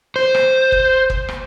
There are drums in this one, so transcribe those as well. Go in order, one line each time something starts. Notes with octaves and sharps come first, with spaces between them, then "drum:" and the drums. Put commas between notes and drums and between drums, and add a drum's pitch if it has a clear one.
C5
drum: rim click
drum: kick
drum: kick
drum: rim click